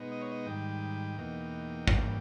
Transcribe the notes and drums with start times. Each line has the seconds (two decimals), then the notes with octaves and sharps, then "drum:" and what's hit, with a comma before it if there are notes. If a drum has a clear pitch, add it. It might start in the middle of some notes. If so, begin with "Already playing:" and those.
Already playing: B2 G#3 B3 D#4
0.12 D#5
0.21 C#5
0.32 D#5
0.46 G#2 D#3 G3 G5
1.17 E2 B2 A#3 D#4
1.87 E2 C#3 G3 A#3, drum: kick